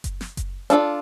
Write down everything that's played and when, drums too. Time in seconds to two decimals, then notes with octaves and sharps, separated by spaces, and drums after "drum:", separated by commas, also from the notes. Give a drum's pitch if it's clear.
0.04 drum: kick F#1, hi-hat
0.21 drum: snare
0.37 drum: kick F#1, hi-hat
0.70 D4 F4 A4, drum: hi-hat